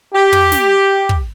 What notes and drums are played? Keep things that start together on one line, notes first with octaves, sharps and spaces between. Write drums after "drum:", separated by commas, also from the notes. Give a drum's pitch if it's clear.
G4
drum: tom
drum: snare
drum: kick